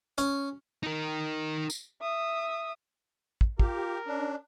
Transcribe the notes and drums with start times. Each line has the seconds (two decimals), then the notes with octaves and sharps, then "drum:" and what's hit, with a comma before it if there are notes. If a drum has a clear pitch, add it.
0.18 C#4, drum: hi-hat
0.83 D#4 A#4
1.70 drum: tambourine
2.01 E5 D#6
3.41 drum: kick
3.59 F4 G4 A#4, drum: kick
4.07 C#4 D4